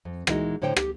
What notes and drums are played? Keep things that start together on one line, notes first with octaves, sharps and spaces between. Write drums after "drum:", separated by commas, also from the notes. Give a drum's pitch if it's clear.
F2
A#2 E3 G#3 A#3 D#4 F#4, drum: rim click
A2 D3 C5 C#5 G5
G4, drum: rim click